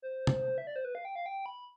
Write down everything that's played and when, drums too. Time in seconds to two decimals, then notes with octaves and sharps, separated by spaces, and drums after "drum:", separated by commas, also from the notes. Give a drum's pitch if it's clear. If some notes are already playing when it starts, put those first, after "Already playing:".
0.02 C5
0.27 drum: tom C3
0.58 E5
0.67 D5
0.76 C5
0.85 B4
0.95 F5
1.05 G5
1.15 F5
1.26 G5
1.46 B5